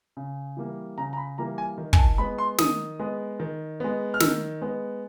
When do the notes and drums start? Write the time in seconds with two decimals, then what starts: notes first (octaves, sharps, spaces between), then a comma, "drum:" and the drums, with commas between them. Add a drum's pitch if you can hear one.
0.17 C#3
0.57 E3 G3 A#3
0.98 C#3 A#5
1.13 A#5
1.17 B5
1.38 E3 G3 A#3 A#5
1.58 G#5
1.78 D#3
1.93 G#5, drum: kick
1.98 A5
2.18 G#3 B3 B5
2.38 C6
2.58 D#3 D#6, drum: snare
2.99 G#3 B3
3.40 D#3
3.80 G#3 B3
4.14 F6
4.20 D#3 E6, drum: snare
4.62 G#3 B3